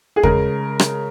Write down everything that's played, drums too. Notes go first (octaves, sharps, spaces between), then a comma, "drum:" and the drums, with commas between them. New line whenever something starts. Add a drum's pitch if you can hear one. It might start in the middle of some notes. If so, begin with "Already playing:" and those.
G#4
C#3 G#3 A#4, drum: kick
drum: rim click